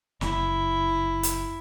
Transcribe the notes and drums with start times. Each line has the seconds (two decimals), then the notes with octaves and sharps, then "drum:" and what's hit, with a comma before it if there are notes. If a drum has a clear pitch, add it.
0.21 F#1 E4, drum: snare
1.23 drum: hi-hat